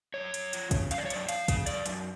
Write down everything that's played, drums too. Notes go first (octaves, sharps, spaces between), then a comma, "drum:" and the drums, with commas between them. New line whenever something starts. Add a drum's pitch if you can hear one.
F#2 C#5
F#2, drum: hi-hat
F3, drum: hi-hat
C#3, drum: kick, hi-hat
F#2 F5, drum: hi-hat
D5
C#5
F#2 D5, drum: hi-hat
F3 F5, drum: hi-hat
C#3, drum: kick, hi-hat
F#2 D5, drum: hi-hat
F#2, drum: hi-hat